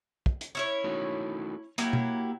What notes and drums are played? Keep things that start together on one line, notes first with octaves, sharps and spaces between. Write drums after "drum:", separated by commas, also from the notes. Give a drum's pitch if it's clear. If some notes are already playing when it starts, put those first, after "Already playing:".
drum: kick
drum: hi-hat
C#4 E4 C#5
A3 D#4 F#4
F#3 A#3 E4 G4, drum: hi-hat
drum: tom B2